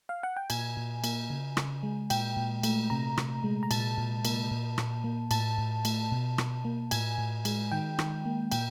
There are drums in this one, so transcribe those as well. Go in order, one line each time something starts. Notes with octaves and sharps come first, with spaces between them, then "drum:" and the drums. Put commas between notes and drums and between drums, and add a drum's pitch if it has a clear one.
F5
F#5
G5
A#2 G#5, drum: cymbal
A#2
A#3, drum: cymbal
C#3
C#3, drum: rim click
G#3
A#2 G5, drum: cymbal
A#2
A3, drum: cymbal
C3 A#5
C3, drum: rim click
G#3
A#5
A#2 A5, drum: cymbal
A#2
A#3, drum: cymbal
A#2
A#2, drum: rim click
A#3
A2 A5, drum: cymbal
A2
A3, drum: cymbal
B2
B2, drum: rim click
A#3
A2 G#5, drum: cymbal
A2
G#3, drum: cymbal
D#3 G5
D#3, drum: rim click
A#3
A#2 G5, drum: cymbal